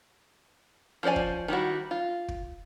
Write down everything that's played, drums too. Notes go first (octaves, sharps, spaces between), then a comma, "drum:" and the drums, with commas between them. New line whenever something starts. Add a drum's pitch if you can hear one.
F3 C#4 C5 D5 G#5
drum: kick
D#3 G3 E4 F#4
F4
drum: kick